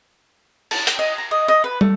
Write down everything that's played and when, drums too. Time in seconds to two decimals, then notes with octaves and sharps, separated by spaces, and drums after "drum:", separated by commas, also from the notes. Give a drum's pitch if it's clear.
0.71 A5, drum: cymbal
0.87 G5, drum: hi-hat
0.99 D#5
1.18 A#5
1.31 D#5
1.48 D#5
1.64 B4
1.81 A3, drum: tom